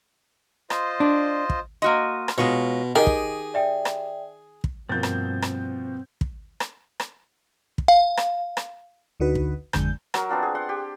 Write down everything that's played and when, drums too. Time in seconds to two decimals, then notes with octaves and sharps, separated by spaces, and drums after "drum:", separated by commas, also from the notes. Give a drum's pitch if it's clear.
0.70 F4 C5 D#5, drum: rim click
1.00 D4
1.50 drum: kick
1.82 A#3 F#4 D#5 C6 F6
2.28 drum: rim click
2.38 B2 G#3 F4 C#5
2.96 D#3 G4 G#4 D#5
3.07 drum: kick
3.54 D5 E5 G5
3.85 drum: rim click
4.64 drum: kick
4.89 G2 B2 F3 A#3 C4 G6 A6
5.03 drum: rim click
5.42 drum: rim click
6.21 drum: kick
6.60 drum: rim click
7.00 drum: rim click
7.78 drum: kick
7.88 F5
8.17 drum: rim click
8.57 drum: rim click
9.20 D2 D3 D#4 F#4 B4
9.35 drum: kick
9.73 G#1 F2 D3 G#3 G6, drum: rim click
10.14 F#3 A#4, drum: rim click
10.29 B3 C4 D4 F4
10.43 G#4
10.55 F#5 C6
10.69 G4